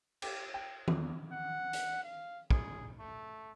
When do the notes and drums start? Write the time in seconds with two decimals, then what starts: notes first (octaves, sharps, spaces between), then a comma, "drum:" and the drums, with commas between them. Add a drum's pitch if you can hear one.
0.22 G4, drum: cymbal
0.54 G5
0.88 E2, drum: tom D#3
1.32 F#5
1.73 drum: hi-hat
2.03 F5
2.51 G#4, drum: kick
2.99 A3